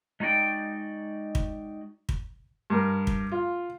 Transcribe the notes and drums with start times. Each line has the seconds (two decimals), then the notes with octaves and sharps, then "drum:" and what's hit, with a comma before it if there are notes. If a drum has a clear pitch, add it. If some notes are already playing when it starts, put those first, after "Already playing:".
0.20 G#3 D#4 F#4 D5 G5
1.35 drum: kick
2.09 drum: kick
2.70 G2 A#4
3.07 drum: kick
3.32 F4